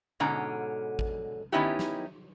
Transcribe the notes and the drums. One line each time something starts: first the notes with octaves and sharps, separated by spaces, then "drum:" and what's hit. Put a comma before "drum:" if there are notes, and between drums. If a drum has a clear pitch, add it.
G#2 B2 D3 C#4 A#5
drum: kick A1
D#3 B3 C#4 D#4 E4 G4
drum: snare